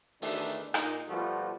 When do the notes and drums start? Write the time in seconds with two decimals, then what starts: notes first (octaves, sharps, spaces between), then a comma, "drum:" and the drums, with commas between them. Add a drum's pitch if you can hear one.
0.22 E2 D#3 A3 D4, drum: open hi-hat
0.74 A#2 D#4, drum: rim click
1.09 B2 F3 G3 A3 F4 F#4